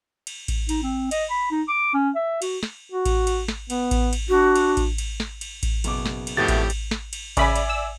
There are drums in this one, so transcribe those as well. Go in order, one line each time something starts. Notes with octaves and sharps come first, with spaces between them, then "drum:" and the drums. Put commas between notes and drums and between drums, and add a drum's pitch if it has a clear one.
drum: cymbal
drum: kick A1, cymbal
D#4, drum: cymbal
C4
D#5, drum: cymbal
B5
D#4
D6
C#4
E5
F#4, drum: cymbal
drum: snare
F#4
drum: kick A1, cymbal
drum: cymbal
drum: snare
B3, drum: cymbal
drum: kick A1, cymbal
drum: cymbal
D4 F#4
drum: cymbal
drum: kick A1, cymbal
drum: cymbal
drum: snare
drum: cymbal
drum: kick A1, cymbal
F#1 B2 D6, drum: cymbal
drum: snare
drum: cymbal
F2 A2 F#3 A3 B3 G4 A6
drum: kick A1, cymbal
drum: cymbal
drum: snare
drum: cymbal
C#3 D5 E5 G#5 B5, drum: kick A1, cymbal
drum: cymbal
E6